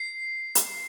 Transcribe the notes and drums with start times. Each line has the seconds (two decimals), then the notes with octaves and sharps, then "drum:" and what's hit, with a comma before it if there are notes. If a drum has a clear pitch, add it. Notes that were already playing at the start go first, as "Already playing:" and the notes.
Already playing: C7
0.55 drum: hi-hat